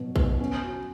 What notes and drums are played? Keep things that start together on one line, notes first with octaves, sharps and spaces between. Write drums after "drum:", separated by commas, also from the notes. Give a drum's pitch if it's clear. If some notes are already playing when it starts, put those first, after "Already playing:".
Already playing: B2 F#3
B2, drum: kick A#1
C#4
F#4